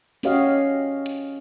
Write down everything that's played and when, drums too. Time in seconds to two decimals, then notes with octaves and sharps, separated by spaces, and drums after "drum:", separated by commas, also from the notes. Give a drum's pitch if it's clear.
0.23 C#4 F#4 G4 C#5 D#5 F5, drum: open hi-hat
1.06 drum: hi-hat